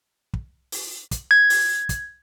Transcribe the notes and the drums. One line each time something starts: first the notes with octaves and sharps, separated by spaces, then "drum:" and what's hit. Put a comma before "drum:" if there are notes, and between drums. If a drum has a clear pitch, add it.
drum: kick
drum: open hi-hat
drum: kick, hi-hat
G#6
drum: open hi-hat
drum: kick, hi-hat